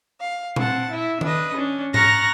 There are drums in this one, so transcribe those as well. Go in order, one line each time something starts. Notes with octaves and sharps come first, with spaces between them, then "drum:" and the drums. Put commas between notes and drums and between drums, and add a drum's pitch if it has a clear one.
F5
C4 F#5 A5, drum: tom A#2
E4 E5
D4 B4 D#5, drum: tom D#3
C#4 D4
A#5 C#6 F6 F#6 A6 A#6, drum: tom G#2